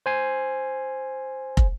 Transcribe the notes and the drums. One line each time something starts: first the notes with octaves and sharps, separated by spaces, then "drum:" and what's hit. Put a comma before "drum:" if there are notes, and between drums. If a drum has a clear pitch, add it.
C5 G#5 C7
drum: kick